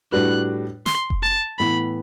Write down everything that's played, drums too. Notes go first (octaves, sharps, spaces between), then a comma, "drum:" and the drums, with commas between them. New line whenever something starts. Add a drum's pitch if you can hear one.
A2 G3 D4 F#4 B4 F#6
C6, drum: snare
drum: kick F1
A5
A2 E3 B3 B5